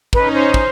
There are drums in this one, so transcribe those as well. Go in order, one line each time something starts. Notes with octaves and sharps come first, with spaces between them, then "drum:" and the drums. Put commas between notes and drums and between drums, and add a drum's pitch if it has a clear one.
C#4 D#4 B4, drum: kick
C5
drum: kick